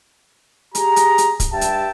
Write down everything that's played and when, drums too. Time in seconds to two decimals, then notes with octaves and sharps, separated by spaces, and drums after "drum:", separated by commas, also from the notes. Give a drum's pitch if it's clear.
0.75 G4 G#4 A#5, drum: hi-hat
0.96 drum: hi-hat
1.18 drum: hi-hat
1.40 drum: kick, hi-hat
1.52 G2 G4 E5 G5 A5
1.61 drum: hi-hat